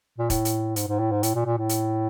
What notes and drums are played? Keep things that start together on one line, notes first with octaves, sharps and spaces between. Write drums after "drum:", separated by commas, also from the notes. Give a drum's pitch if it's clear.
A#2
A2, drum: kick E1, hi-hat
drum: hi-hat
G#2, drum: hi-hat
G#2
A2
G#2
A2, drum: hi-hat
A#2
A#2
A2
drum: hi-hat